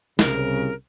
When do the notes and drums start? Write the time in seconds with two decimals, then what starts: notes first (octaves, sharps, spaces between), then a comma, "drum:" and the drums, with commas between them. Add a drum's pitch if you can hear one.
0.19 C2 C#3 A#4, drum: snare